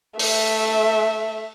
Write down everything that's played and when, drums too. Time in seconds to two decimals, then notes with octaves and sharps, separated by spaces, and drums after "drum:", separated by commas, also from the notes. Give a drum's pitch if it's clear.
0.19 A3 E5, drum: open hi-hat